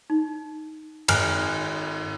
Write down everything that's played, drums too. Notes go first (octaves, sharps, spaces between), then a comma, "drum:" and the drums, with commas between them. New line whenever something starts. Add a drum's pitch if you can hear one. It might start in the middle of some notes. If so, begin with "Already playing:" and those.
D#4
G#1 F#5 G#5 F6 F#6, drum: cymbal